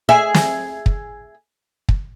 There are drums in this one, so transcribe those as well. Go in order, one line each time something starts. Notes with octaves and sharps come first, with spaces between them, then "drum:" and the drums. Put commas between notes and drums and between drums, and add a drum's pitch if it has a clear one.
G#4 E5
drum: snare
drum: kick
drum: kick